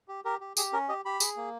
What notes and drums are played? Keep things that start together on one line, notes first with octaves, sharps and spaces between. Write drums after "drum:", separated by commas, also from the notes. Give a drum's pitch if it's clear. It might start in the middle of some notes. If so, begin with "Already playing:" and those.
G4
G4 A#4
G4
G4 G#4, drum: tambourine
C#4 A#4
G4 D#5
G4 B5
G#4, drum: tambourine
A#3